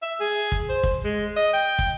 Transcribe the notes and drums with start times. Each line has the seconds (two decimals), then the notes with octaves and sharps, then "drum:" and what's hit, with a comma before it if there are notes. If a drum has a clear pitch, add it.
0.02 E5
0.20 G#4
0.52 drum: kick
0.69 C5
0.83 drum: kick
1.04 G#3
1.36 D#5
1.53 G5
1.79 drum: kick